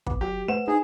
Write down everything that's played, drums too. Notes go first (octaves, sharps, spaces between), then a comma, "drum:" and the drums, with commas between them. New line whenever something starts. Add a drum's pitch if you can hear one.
B3 D6, drum: kick
F#3 G4
A3 B4 C5 F#5 E7
D#4 G#4